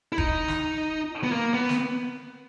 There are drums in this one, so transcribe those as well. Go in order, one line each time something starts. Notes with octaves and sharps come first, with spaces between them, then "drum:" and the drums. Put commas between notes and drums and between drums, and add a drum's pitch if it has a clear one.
E4
D#4, drum: kick
drum: snare
B3
A#3
B3
drum: snare